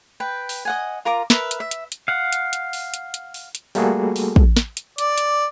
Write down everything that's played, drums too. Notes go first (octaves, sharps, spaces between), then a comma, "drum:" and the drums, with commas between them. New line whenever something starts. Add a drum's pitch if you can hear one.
B4 G5
drum: open hi-hat
D#5 F#5 G#5
F4 A#4 A#5 D6
A#4 B4 E5, drum: snare
drum: hi-hat
E5
drum: hi-hat
drum: hi-hat
F5 F#5
drum: hi-hat
drum: hi-hat
drum: open hi-hat
drum: hi-hat
drum: hi-hat
drum: open hi-hat
drum: hi-hat
G3 A3 A#3 F#4 G#4 A4, drum: open hi-hat
drum: open hi-hat
drum: kick
drum: snare
drum: hi-hat
D5, drum: hi-hat
drum: hi-hat